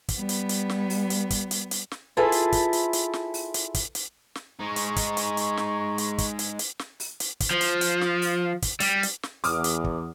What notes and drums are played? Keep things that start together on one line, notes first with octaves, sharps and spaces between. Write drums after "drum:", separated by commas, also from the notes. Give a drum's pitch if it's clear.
drum: kick, hi-hat
G3 B3
drum: hi-hat
drum: hi-hat
drum: snare
drum: open hi-hat
drum: hi-hat
drum: kick, hi-hat
drum: hi-hat
drum: hi-hat
drum: snare
E4 F4 G#4 A4 B4
drum: hi-hat
drum: kick, hi-hat
drum: hi-hat
drum: hi-hat
drum: snare
drum: open hi-hat
drum: hi-hat
drum: kick, hi-hat
drum: hi-hat
drum: snare
G#3 D#4 A#5 C#6
drum: hi-hat
drum: kick, hi-hat
drum: hi-hat
drum: hi-hat
drum: snare
drum: hi-hat
drum: kick, hi-hat
drum: hi-hat
drum: hi-hat
drum: snare
drum: open hi-hat
drum: hi-hat
drum: kick, hi-hat
F3
drum: hi-hat
drum: hi-hat
drum: snare
drum: open hi-hat
drum: kick, hi-hat
G3, drum: hi-hat
drum: hi-hat
drum: snare
E2 D6 D#6 F6, drum: open hi-hat
drum: hi-hat
drum: kick